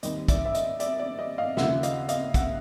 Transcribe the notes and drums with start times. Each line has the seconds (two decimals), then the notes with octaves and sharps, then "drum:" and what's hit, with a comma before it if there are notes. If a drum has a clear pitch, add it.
0.03 D#2 D#3 G3 C4 D#5, drum: hi-hat
0.28 D5 E5, drum: kick, hi-hat
0.45 E5
0.55 D#5, drum: hi-hat
0.80 D5 E5, drum: hi-hat
0.99 D5
1.19 D#5
1.38 D#5 F5
1.57 D#2 C#3 F3 E5 F#5, drum: snare
1.83 D#5 F5, drum: hi-hat
2.09 D#5 F5, drum: hi-hat
2.34 E5 F#5, drum: kick, hi-hat